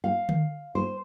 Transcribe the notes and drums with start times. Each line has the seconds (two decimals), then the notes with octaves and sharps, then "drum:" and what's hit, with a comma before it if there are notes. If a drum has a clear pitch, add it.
0.04 F5
0.29 drum: tom D3
0.75 C5